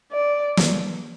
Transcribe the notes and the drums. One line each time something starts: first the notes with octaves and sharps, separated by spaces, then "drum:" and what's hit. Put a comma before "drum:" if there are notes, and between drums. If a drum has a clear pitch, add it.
D5
drum: snare